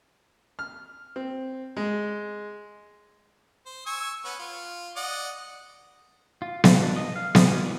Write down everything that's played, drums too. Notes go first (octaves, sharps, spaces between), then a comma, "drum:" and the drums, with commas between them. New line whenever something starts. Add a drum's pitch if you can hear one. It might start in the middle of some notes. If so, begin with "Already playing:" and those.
F6
C4
G#3
C5
G#5 C#6 E6
B3 C#4
F4
D5 D#5 F#5
F4
F4, drum: snare B3
D4
D#5
F5
D#6, drum: snare B3
G#5
E3